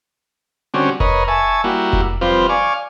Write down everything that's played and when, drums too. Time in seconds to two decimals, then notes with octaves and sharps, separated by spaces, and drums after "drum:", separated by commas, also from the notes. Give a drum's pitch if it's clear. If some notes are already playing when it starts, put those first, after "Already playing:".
0.74 D3 G3 C4 C#4 F#4
1.00 A#4 B4 C#5 D#5, drum: kick F1
1.28 E5 G#5 A5 C#6
1.64 G3 A#3 E4 F#4
1.93 drum: kick F1
2.21 F3 G3 C4 F4 B4 C5
2.49 D5 F5 G#5 C#6